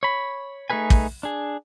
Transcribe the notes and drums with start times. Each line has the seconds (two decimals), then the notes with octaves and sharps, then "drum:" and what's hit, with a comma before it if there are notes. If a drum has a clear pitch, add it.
0.03 C#5 B5
0.70 A3 D#4 G#4 B4 G#5
0.90 drum: kick
1.23 D4 G#4